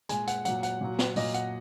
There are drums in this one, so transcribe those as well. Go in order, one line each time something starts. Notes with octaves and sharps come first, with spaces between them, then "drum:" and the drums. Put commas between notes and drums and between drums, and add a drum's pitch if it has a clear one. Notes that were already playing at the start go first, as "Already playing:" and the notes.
A#2 G#3 G#5, drum: hi-hat
F#5, drum: hi-hat
A#2 F#3 F#5, drum: hi-hat
F#5, drum: hi-hat
A#2 F#3
drum: snare
A#2 F#3 D#5, drum: open hi-hat
F#5, drum: hi-hat